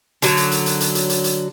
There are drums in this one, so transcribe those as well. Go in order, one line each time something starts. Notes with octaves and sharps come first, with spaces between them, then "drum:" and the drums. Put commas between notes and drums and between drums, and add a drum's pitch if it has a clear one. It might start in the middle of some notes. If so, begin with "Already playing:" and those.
D3 F#3, drum: hi-hat
drum: hi-hat
drum: hi-hat
drum: hi-hat
drum: hi-hat
drum: hi-hat
drum: hi-hat
drum: hi-hat